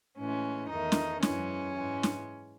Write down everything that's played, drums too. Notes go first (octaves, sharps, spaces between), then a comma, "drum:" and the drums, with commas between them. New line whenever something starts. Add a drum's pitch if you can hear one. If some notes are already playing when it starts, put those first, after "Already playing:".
A2 E3 G#3 C#4
E2 D#3 A3 D#4
drum: snare
F#2 E3 G#3 C#4, drum: snare
G#2 E3 G#3
drum: snare